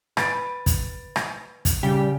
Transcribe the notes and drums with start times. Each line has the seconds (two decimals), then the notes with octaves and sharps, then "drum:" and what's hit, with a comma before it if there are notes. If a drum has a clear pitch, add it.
0.17 B4 A6 D7, drum: rim click
0.66 drum: kick, hi-hat
1.16 drum: rim click
1.65 drum: kick, hi-hat
1.83 C#3 G3 G4